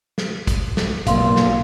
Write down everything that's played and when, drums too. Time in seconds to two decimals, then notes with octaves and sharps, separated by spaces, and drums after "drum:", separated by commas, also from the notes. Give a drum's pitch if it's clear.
0.18 drum: snare
0.47 drum: kick, hi-hat
0.77 drum: snare
1.07 B1 A#3 F5 C6, drum: kick, hi-hat
1.36 drum: snare